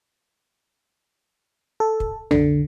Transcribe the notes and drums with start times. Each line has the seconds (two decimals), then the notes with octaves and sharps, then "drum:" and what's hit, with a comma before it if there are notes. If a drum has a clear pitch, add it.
1.80 A4
2.00 drum: kick
2.31 D3, drum: tom